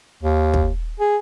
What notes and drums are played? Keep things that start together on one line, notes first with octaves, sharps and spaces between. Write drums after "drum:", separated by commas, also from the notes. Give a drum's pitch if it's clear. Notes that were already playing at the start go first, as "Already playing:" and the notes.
D#2
drum: kick
G#4